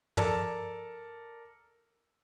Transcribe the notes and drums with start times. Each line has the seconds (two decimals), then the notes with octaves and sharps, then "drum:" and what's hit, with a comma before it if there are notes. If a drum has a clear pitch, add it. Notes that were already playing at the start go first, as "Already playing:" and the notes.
0.17 A4 A#4 D5 A5, drum: tom